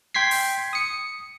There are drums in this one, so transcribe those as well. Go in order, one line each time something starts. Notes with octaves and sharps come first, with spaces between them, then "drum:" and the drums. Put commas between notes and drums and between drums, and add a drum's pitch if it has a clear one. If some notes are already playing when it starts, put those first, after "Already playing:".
G5 C6 G#6 B6 C7
drum: open hi-hat
D#6 C#7